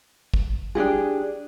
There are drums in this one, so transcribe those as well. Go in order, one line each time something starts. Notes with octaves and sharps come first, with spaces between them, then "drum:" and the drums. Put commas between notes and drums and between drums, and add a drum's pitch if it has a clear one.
drum: kick
D4 D#4 G4 G#4